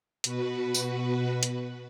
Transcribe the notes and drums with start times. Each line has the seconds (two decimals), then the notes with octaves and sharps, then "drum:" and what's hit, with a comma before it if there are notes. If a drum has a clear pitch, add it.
0.24 B2 F#4 B4, drum: hi-hat
0.74 drum: tambourine
1.43 drum: hi-hat